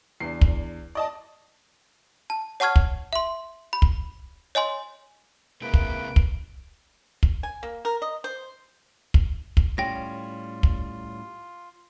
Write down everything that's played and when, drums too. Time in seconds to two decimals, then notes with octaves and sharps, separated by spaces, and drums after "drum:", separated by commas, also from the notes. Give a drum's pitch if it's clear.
0.20 E2 D4 C7
0.41 drum: kick
0.95 D5 D#5 A5
2.30 A5
2.60 C#5 F#5 A5 C#6 F6 G#6
2.76 drum: kick
3.13 E5 C6
3.73 B5
3.82 drum: kick
4.55 C#5 D#5 G#5 C6
5.62 C3 G#3 A#3 E4 B4 D7
5.74 drum: kick
6.16 drum: kick
7.23 drum: kick
7.43 G#5
7.63 A#3
7.85 A#4
8.02 D#5
8.24 C5
9.14 drum: kick
9.57 drum: kick
9.78 A2 G3 C#4 F4 G5 A#6
10.63 drum: kick